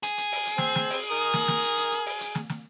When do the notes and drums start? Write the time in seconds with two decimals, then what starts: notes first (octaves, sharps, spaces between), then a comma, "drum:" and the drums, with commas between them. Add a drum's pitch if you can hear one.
0.03 G#4, drum: hi-hat
0.18 drum: hi-hat
0.32 drum: open hi-hat
0.47 drum: hi-hat
0.58 C4, drum: snare
0.76 drum: snare
0.90 drum: open hi-hat
1.11 A#4 D#6
1.34 drum: snare
1.48 drum: snare
1.63 drum: hi-hat
1.77 drum: hi-hat
1.92 drum: hi-hat
2.06 drum: open hi-hat
2.21 drum: hi-hat
2.35 drum: snare
2.50 drum: snare